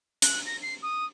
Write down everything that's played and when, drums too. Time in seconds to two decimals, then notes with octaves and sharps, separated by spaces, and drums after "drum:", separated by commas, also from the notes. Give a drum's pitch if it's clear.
0.22 F#6, drum: hi-hat
0.46 A#6
0.62 C7
0.82 D#6